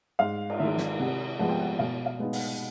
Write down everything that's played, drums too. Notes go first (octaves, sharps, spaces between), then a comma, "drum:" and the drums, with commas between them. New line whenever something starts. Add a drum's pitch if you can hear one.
G#2 F5
drum: cymbal
D#3 G#3 E5
drum: snare
C3 F#5
F3 G#3 B3 F#5
G5
F#5
B2 F5
F5
G#3 B3 D#4
F#5, drum: open hi-hat